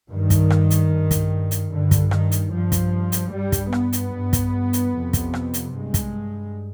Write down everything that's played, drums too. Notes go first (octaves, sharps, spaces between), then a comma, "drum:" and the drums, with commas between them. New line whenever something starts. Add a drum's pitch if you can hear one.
G2 D#3
drum: kick, hi-hat
drum: rim click
drum: hi-hat
G2
drum: kick, hi-hat
drum: hi-hat
G2 D3
drum: kick, hi-hat
D#3, drum: rim click
drum: hi-hat
G2 F3
drum: kick, hi-hat
drum: hi-hat
G2 G3
drum: kick, hi-hat
B3, drum: rim click
drum: hi-hat
G2
drum: kick, hi-hat
drum: hi-hat
F2 C3
drum: kick, hi-hat
drum: rim click
drum: hi-hat
G2 G#3
drum: kick, hi-hat